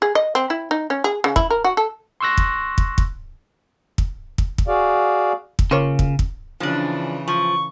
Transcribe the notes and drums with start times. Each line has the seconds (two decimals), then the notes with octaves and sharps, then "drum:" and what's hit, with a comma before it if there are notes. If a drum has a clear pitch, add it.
0.02 G#4
0.15 D#5
0.35 C4
0.50 E4
0.71 D#4
0.90 C#4
1.04 G#4
1.24 C#3
1.36 E4, drum: kick
1.50 A#4
1.64 F#4
1.77 A4
2.21 C6 C#6 E6 F#6 A#6
2.38 drum: kick
2.78 drum: kick
2.98 drum: kick
3.98 drum: kick
4.38 drum: kick
4.58 drum: kick
4.68 F#4 G#4 D5 F5
5.59 drum: kick
5.71 C#3 A#3 F4 C#5
5.99 drum: kick
6.19 drum: kick
6.60 C#3 E3 F3 D4
7.28 F3 C#6